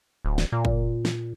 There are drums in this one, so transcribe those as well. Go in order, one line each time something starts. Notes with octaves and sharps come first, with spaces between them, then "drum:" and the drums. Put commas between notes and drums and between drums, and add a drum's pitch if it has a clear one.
D1
drum: snare
A#2
drum: kick F#1
drum: snare